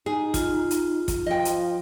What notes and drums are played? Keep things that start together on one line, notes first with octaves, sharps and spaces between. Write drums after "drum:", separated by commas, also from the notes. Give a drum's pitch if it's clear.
D#4 G#4
F4, drum: kick, hi-hat
drum: hi-hat
drum: kick, hi-hat
F3 D#5 G5
drum: hi-hat